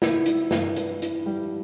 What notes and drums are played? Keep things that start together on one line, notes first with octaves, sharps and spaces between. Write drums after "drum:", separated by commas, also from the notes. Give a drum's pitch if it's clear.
E4, drum: snare
E4, drum: hi-hat
G2, drum: snare
B4, drum: hi-hat
E4, drum: hi-hat
G3